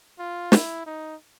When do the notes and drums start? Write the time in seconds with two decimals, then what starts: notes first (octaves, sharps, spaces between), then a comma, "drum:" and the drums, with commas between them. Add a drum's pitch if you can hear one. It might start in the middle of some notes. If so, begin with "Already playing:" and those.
0.19 F4
0.52 E4, drum: snare
0.86 D#4